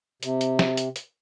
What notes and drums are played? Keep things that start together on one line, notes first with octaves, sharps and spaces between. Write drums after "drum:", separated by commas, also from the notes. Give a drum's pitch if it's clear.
C3, drum: hi-hat
drum: hi-hat
drum: snare
drum: hi-hat
drum: hi-hat